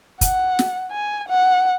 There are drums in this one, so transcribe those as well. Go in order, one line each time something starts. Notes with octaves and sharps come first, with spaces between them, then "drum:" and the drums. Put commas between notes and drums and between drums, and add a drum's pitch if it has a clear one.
F#5, drum: kick, hi-hat
drum: snare
G#5
F#5